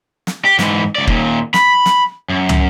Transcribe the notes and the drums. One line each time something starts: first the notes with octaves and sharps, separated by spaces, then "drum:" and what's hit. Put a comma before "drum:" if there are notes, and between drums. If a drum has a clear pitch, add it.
drum: snare
G4
G#2 E3, drum: snare
C#2 D5
D#2 A#2, drum: kick
B5, drum: snare
drum: snare
F#2
drum: tom